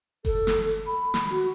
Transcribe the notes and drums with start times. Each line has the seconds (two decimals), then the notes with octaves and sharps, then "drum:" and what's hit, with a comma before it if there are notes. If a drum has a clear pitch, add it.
0.25 A4, drum: kick F#1, open hi-hat
0.47 drum: snare
0.69 drum: hi-hat
0.86 B5
1.14 drum: snare
1.30 F#4